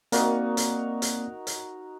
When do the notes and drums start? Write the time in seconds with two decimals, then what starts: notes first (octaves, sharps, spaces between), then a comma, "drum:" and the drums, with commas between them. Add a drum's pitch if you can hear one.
0.12 A#3 C4 D#4 F#4 A#4 D5, drum: hi-hat
0.57 drum: hi-hat
1.02 drum: hi-hat
1.47 drum: hi-hat